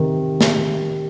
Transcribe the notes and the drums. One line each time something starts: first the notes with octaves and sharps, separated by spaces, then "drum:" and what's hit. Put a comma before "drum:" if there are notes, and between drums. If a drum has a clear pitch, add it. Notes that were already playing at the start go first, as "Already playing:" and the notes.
Already playing: C3 D#3
drum: snare